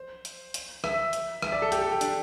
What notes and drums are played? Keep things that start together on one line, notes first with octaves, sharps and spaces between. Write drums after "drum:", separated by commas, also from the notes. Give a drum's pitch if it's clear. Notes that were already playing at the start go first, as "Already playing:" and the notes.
Already playing: C5
drum: hi-hat
drum: hi-hat
E5, drum: rim click
drum: hi-hat
E5, drum: rim click
D5
A4
G4, drum: hi-hat
A4
G4
D4, drum: hi-hat